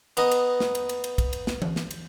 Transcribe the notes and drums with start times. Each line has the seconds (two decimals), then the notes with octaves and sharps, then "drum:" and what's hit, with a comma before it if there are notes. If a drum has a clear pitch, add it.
0.17 B3 D#4 D#5, drum: cymbal
0.31 drum: cymbal
0.60 drum: snare
0.75 drum: cymbal
0.89 drum: cymbal
1.04 drum: cymbal
1.18 drum: kick, cymbal
1.33 drum: cymbal
1.47 drum: snare
1.62 drum: tom E3
1.76 drum: snare
1.91 drum: cymbal